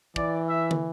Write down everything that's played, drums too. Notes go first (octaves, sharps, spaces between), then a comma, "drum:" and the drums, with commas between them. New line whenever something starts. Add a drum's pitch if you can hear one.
E3 D5, drum: kick
E5
drum: tom